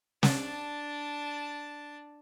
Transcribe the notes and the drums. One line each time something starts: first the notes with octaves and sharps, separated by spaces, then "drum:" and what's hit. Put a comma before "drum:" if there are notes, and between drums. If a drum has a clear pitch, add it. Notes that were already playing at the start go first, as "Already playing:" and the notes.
D4 A5, drum: snare